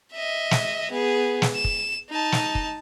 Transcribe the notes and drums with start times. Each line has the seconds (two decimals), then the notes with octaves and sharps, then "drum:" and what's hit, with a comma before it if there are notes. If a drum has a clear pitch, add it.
0.13 D#5 E5
0.51 drum: snare
0.91 B3 G#4
1.42 drum: snare
1.55 E7
1.64 drum: kick
2.10 D#4 A5
2.32 drum: snare
2.55 drum: kick